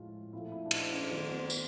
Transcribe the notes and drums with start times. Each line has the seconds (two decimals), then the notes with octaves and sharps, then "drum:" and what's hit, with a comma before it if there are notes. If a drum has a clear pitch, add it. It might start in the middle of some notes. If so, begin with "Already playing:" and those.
Already playing: A2 F3 G#3 F4
0.33 A#2 F3 A3 E4
0.52 E4
0.66 D4
0.71 D#4, drum: cymbal
0.91 C#4
1.10 D#3 F#3 A3 B3
1.28 C4
1.36 B3
1.50 B3, drum: tambourine